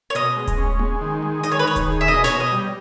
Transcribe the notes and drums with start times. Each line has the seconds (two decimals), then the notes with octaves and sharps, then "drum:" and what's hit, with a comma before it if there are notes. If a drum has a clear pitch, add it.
0.10 C#5
0.15 B2 D#5, drum: hi-hat
0.36 G#3
0.47 drum: kick D#1, hi-hat
0.58 C#4
0.79 G#3, drum: tom A#3
1.01 D#3
1.22 G#3
1.43 D#3 D#5, drum: hi-hat
1.52 C#5
1.59 B4
1.65 D#3 C#5
1.76 drum: kick D#1, hi-hat
1.87 G#4
2.01 E5
2.08 B2 D#5
2.24 C#5, drum: snare
2.29 B2
2.40 D#5
2.51 G3